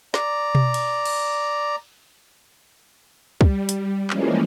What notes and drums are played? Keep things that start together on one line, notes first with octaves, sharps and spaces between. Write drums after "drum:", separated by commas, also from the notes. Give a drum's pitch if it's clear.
D5 A#5, drum: snare
drum: tom B2
drum: cymbal
drum: cymbal
G3, drum: kick
drum: hi-hat
E3 F3 G3 G#3 A#3 C#4, drum: clap